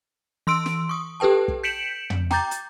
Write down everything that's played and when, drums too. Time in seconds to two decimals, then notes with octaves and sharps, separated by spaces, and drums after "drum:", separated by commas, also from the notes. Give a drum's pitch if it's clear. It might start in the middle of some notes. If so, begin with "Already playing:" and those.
0.47 E3 C6 E6 D7
0.66 drum: snare
0.89 C#6 D#6
1.20 G4 A4 B4 G5 A5
1.48 drum: kick
1.63 G6 B6 C#7 D7 E7 F#7
2.10 drum: tom
2.31 G5 A#5 D6 G6 A6, drum: snare
2.51 drum: hi-hat